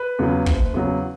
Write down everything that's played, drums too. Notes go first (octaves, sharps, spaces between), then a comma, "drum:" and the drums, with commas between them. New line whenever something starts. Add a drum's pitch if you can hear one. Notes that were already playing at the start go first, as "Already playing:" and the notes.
Already playing: B4
E2 C#3 F#3
F#1, drum: kick
E2 C#3 F#3